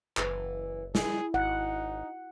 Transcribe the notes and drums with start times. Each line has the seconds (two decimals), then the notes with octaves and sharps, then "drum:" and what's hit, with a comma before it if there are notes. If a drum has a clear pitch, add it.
0.17 F#1 E3, drum: clap
0.95 E4 G#4, drum: snare
1.34 G#1 D#4 F#5